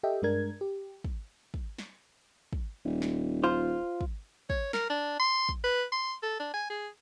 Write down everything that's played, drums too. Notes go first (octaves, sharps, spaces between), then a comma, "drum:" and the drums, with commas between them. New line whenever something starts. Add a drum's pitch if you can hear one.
G4 A4 D#5 E5 G5
G2 G#3 D4 A#4 G#6
G4
drum: kick
drum: kick
drum: snare
drum: kick
D#1
drum: snare
F4 C5
drum: kick
C#5, drum: kick
A#4, drum: snare
D4
C6
drum: kick
B4
C6
A4
D4
G#5
G#4